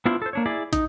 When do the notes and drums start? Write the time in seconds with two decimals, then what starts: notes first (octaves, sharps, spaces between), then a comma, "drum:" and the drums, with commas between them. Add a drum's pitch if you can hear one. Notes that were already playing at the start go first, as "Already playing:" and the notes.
0.06 B3 D4 E4 F4 C5
0.22 A4 C5
0.33 A#3 D4 C#5
0.46 E4 G#4 D5
0.73 D#4, drum: kick, hi-hat